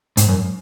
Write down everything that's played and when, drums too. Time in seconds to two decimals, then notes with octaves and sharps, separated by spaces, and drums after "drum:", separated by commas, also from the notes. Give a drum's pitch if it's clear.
0.17 G#2, drum: hi-hat
0.29 F#2